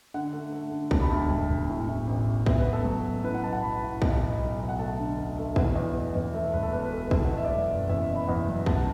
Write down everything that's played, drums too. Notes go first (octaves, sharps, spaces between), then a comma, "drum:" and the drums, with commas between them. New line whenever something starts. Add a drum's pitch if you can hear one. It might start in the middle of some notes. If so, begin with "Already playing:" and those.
D3 F#5
A3
A3
D3
E1 A5, drum: kick
B5
D2 A5
E1
E1
A2
A2
A1
A1
B3 E5, drum: kick
B4
B3
A4
F#3
A1
A2 B4
F#5
B1 A5
F#5
B1 B5
A2
B1, drum: kick
B2
B1
B1
F#5
A3 A5
D3
D2
A3
E2 F#5, drum: kick
E2
B2
E2
A3 E5
E5
E1 B4
A4
E1 B4
B4
A3
B4
E2 A4, drum: kick
F#5
B2
E5
D5
F#3 E5
F#1
E2 E5
B2
B5
E2 F#5
F#3
F#2 A5, drum: kick
F#5